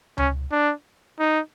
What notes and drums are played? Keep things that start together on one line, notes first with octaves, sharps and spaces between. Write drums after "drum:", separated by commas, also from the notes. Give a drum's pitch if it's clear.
C#4, drum: tom C#2
D4
D#4